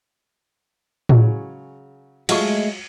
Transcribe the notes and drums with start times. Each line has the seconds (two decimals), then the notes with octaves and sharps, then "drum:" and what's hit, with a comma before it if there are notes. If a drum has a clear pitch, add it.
1.09 C#3 F#3 G#3, drum: tom A2
2.29 F#3 G#3 A3 F4 C#6, drum: cymbal